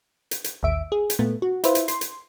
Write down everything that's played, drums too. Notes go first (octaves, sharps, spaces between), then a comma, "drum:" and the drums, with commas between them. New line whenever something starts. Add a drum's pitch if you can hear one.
drum: hi-hat
drum: hi-hat
A1 D#2 E5 D7
G#4
drum: hi-hat
A#2 A3 B3
F#4
E4 F4 B4 C5 E5, drum: hi-hat
drum: hi-hat
C6, drum: hi-hat
drum: hi-hat